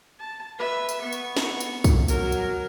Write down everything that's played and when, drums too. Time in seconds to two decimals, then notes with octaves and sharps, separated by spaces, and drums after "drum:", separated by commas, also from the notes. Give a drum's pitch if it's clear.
0.20 A5
0.59 B4 E5
0.89 drum: tambourine
1.03 B3 C#6
1.13 drum: tambourine
1.37 drum: snare
1.60 drum: tambourine
1.84 drum: kick, tambourine
2.08 F#3 A#4, drum: tambourine
2.32 drum: tambourine